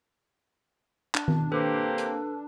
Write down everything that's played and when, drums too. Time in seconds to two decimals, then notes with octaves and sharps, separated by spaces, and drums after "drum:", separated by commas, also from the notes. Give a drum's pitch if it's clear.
1.15 D4, drum: clap
1.28 drum: tom D#3
1.52 A#3 C4 G4 A4 B4
1.98 drum: hi-hat